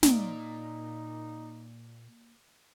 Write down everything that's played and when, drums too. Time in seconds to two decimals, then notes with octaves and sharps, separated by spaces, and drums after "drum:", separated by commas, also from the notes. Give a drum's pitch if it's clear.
0.03 A#2 A#3 D#4 D5, drum: snare